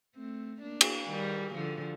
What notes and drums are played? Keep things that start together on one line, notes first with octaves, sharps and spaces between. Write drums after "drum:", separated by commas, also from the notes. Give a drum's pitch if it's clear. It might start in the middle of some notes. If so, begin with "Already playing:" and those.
A3 C4
A#3 D4
drum: cymbal
D#3 G3
D3 F3